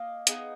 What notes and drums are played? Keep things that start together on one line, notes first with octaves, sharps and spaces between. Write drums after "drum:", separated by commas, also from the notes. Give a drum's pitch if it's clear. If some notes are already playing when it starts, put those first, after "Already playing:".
Already playing: A#3 D#5 F5
B3 D#4 G#4, drum: hi-hat